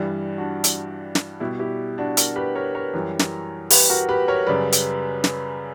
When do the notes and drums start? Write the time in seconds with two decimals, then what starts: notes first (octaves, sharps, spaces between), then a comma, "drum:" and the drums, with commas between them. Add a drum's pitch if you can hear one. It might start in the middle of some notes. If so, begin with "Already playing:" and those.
Already playing: G2 E3 G3
0.38 D4 F#4
0.64 drum: hi-hat
1.15 drum: snare
1.40 B2 G3 E4 G4
1.59 E4 G4
1.98 D4 F#4
2.17 F#4 A#4, drum: hi-hat
2.36 G4 B4
2.55 A#4 C#5
2.75 A#4 C#5
2.93 F#2 E3 G3
3.19 drum: snare
3.70 G4 B4, drum: open hi-hat
3.90 F#4 A#4
4.09 G4 B4
4.28 A#4 C#5
4.47 F#2 C#3 G3 B4 D5
4.73 drum: hi-hat
5.24 drum: snare